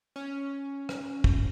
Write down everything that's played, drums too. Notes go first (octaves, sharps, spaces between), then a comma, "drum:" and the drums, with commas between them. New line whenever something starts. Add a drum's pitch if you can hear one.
C#4
drum: rim click
drum: kick